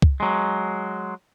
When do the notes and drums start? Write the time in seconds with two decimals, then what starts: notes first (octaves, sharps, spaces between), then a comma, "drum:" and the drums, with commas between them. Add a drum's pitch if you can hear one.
0.02 drum: kick
0.20 F#3 G#3